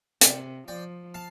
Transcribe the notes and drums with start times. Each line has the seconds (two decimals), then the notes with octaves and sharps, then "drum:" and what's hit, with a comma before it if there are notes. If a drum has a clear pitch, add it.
0.21 C3 D5 G5, drum: hi-hat
0.68 F3 D5 G5
1.14 F5 A5